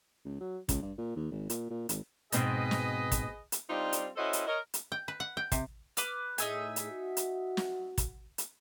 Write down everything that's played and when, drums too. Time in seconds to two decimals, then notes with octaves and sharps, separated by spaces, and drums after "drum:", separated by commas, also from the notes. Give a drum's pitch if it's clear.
0.25 C#2
0.40 F#3
0.69 C#2, drum: kick, hi-hat
0.82 G2
0.98 A#2
1.16 D#2
1.31 G#1
1.50 A#2, drum: hi-hat
1.71 A#2
1.89 G#1, drum: hi-hat
2.32 G#2 B2 C4 G#4 B4 D#5, drum: hi-hat
2.71 drum: snare
3.12 drum: kick, hi-hat
3.52 drum: hi-hat
3.70 G3 C4 D4 D#4 F4
3.93 drum: hi-hat
4.16 C#4 E4 F#4 A4 C5 D#5
4.33 drum: hi-hat
4.47 A#4 C#5 D#5
4.74 drum: hi-hat
4.92 G5
5.08 B4
5.20 F#5
5.37 G5
5.52 C3, drum: kick, hi-hat
5.97 B4 D6 F6, drum: hi-hat
6.38 A2 D#4 G#4 E5 G#5, drum: hi-hat
6.76 drum: hi-hat
6.91 F#4
7.17 drum: hi-hat
7.57 drum: snare
7.98 drum: kick, hi-hat
8.38 drum: hi-hat